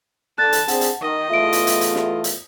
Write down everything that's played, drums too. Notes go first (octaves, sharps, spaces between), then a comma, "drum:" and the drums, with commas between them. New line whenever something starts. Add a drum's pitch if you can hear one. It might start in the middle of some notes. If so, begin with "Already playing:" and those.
D3 A5 F#6 A6
drum: hi-hat
C4 D4 G#4 F#5, drum: hi-hat
drum: hi-hat
D#3 D#5
E2 A3 F4 E5 D7
drum: hi-hat
drum: hi-hat
drum: hi-hat
drum: snare
drum: hi-hat